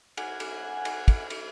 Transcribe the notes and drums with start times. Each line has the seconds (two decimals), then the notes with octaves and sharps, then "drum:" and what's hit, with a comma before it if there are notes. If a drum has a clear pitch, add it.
0.17 F#5 G#5, drum: cymbal
0.40 drum: cymbal
0.85 drum: cymbal
1.08 drum: kick, cymbal
1.30 drum: cymbal